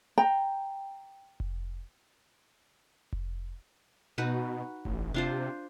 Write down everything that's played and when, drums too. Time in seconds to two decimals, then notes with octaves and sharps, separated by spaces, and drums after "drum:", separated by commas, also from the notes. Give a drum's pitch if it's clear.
0.18 G5 A#5
1.40 drum: kick F1
3.13 drum: kick F1
4.18 B2 D#4 F#4 B4
4.85 A1, drum: kick F1
5.14 C3 D4 F4 C5